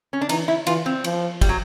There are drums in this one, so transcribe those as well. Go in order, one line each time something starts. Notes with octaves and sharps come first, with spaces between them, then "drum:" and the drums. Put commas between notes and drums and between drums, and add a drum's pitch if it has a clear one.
C#4
D4
E3 D#4, drum: cymbal
E4
E3 F4, drum: cymbal
C4
F3, drum: cymbal
G3, drum: kick, cymbal
F#3